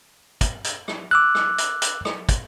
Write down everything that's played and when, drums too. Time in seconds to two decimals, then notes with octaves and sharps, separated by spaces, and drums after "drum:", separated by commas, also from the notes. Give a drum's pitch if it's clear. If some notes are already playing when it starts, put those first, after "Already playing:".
0.41 drum: kick, hi-hat
0.64 drum: hi-hat
0.88 drum: rim click
1.11 D6 E6 F#6
1.35 drum: rim click
1.58 drum: hi-hat
1.82 drum: hi-hat
2.05 drum: rim click
2.29 drum: kick, hi-hat